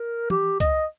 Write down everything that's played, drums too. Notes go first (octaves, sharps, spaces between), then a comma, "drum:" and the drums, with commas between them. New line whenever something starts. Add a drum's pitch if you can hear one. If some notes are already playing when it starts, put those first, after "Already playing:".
Already playing: A#4
G4, drum: tom
D#5, drum: kick, hi-hat